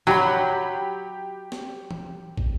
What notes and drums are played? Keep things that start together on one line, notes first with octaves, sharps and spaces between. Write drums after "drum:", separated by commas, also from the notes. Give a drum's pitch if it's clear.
F#3 G4 B5
drum: snare
drum: tom E3
drum: kick